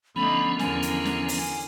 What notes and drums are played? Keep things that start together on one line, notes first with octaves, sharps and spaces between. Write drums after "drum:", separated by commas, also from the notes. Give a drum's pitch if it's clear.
D3 F3 A3 B3 C#4 D#4 B5
E2 D3 A#4 G#5, drum: snare
drum: hi-hat
drum: snare
drum: open hi-hat